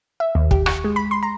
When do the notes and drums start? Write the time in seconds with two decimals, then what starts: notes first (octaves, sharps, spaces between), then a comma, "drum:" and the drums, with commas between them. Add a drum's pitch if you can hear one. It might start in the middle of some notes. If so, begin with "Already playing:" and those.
0.20 E5
0.35 D#2
0.51 G4, drum: kick
0.66 C#6, drum: rim click
0.84 G#3
0.96 B5
1.11 C6
1.23 A#5